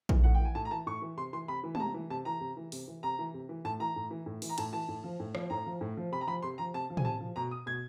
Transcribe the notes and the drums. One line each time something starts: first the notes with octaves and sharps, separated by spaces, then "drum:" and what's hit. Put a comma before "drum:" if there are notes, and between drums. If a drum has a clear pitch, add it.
E3, drum: kick A#1
A2 F#5
G5
E3 G#5
A2 A5
A#5
E3 A5
A2 C#6
E3
C3 C6
E3 C6
C3 B5
E3
A5, drum: tom
C3 A#5
E3
C3 A5
E3 A#5
C3
E3
C3, drum: open hi-hat
E3
C3 A#5
E3
C3
E3
A2 A5
E3 A#5
A2
E3
A2
E3, drum: open hi-hat
A#5
A2 A5, drum: cymbal
E3 A5
A2
F3
A2
F3, drum: rim click
A2 A#5
F3
A2
F3
C3 B5
A#5
F3 B5
C3 C6
F3 A#5
C3 A5
F3
G#5, drum: tom
C3 A5
F3
B2 A#5
D#6
B2 G#6